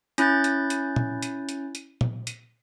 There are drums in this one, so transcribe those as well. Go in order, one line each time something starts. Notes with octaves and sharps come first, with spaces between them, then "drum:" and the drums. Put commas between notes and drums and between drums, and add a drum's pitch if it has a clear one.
C#4 E4 F#6 G6 A6, drum: hi-hat
drum: hi-hat
drum: hi-hat
drum: tom A#2
drum: hi-hat
drum: hi-hat
drum: hi-hat
drum: tom A#2
drum: hi-hat